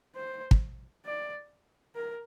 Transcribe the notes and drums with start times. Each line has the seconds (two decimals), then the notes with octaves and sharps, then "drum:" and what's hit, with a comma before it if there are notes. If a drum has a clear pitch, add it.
0.15 C5
0.51 drum: kick
1.05 D5
1.95 A#4